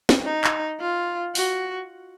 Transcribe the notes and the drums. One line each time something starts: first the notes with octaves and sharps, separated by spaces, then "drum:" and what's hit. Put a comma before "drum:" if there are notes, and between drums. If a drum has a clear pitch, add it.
drum: snare
D#4
drum: clap
F4
F#4, drum: open hi-hat